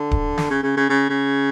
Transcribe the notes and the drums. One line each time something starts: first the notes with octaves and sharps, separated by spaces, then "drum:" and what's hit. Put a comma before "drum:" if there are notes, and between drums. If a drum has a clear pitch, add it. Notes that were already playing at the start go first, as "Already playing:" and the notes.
Already playing: D3
drum: kick D1
drum: snare
C#3
C#3
C#3
C#3
C#3